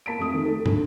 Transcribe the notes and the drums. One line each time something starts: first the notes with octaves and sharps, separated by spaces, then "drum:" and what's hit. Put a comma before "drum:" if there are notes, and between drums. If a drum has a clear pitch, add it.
A#3 A5 B6 D7
F2 A3 D#6
D#3 A3
A4
D2, drum: tom